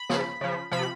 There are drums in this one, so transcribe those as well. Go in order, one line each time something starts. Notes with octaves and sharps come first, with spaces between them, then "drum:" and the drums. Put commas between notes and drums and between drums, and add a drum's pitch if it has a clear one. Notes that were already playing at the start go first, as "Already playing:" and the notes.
Already playing: B5
C#3 F3, drum: snare
C#3 F3
C3 F3 B5